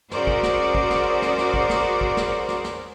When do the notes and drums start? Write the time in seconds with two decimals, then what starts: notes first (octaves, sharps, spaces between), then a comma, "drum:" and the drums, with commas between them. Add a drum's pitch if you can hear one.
0.11 C#4 F#4 G#4 A#4 C5 D5, drum: snare
0.27 drum: kick
0.43 drum: snare
0.75 drum: kick
0.90 drum: snare
1.22 drum: snare
1.38 drum: snare
1.54 drum: kick
1.69 drum: snare
2.01 drum: kick
2.17 drum: snare
2.49 drum: snare
2.64 drum: snare